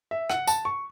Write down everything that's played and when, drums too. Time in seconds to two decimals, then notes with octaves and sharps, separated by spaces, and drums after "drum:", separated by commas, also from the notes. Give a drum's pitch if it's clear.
0.11 E5
0.30 F#5, drum: rim click
0.47 A5, drum: tambourine
0.65 C#6